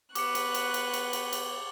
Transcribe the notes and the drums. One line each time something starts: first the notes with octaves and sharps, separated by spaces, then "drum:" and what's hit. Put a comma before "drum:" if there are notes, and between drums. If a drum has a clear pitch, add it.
B3 B4 C#6 D6 F#6 C#7, drum: cymbal
drum: cymbal
drum: cymbal
drum: cymbal
drum: cymbal
drum: cymbal
drum: cymbal